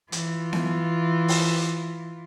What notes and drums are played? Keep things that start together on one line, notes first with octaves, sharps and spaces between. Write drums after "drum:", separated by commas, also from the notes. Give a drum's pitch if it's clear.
E3 F4, drum: hi-hat
drum: snare B3
drum: open hi-hat